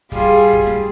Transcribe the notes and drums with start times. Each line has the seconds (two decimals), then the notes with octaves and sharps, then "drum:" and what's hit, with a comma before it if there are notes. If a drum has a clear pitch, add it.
0.12 G3 F4 G#4, drum: kick, hi-hat
0.39 drum: hi-hat
0.53 drum: kick
0.67 drum: snare